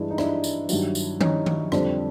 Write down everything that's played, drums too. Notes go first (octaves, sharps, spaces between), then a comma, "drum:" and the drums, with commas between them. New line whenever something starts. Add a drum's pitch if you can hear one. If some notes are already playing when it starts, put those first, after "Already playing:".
Already playing: G2 E3 G#3 D4 E4
D#4
D4 E4, drum: rim click
drum: tambourine
G2 D#3 F#3, drum: tambourine
drum: tambourine
C#4 D#4, drum: tom D#3
drum: tom D#3
F2 D3 G3 C4 D4, drum: rim click